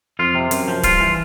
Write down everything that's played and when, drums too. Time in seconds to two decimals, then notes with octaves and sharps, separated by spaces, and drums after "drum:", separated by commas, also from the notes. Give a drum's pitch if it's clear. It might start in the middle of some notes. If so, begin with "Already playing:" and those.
0.19 F2 F4
0.35 C3
0.51 F#2, drum: hi-hat
0.68 F3
0.83 G2 F4, drum: kick, hi-hat
1.00 E3